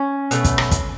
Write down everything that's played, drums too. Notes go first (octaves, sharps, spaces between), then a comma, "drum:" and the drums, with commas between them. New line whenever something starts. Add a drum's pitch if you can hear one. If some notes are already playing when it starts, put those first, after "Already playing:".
Already playing: C#4
B2 A3, drum: hi-hat
drum: kick, hi-hat
drum: rim click
drum: kick, hi-hat